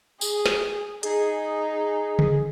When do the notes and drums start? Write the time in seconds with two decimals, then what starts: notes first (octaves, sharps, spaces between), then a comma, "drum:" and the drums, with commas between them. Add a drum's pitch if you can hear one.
0.21 G#4, drum: tambourine
0.46 drum: snare
1.03 D#4 G#4, drum: hi-hat
2.19 drum: tom C#3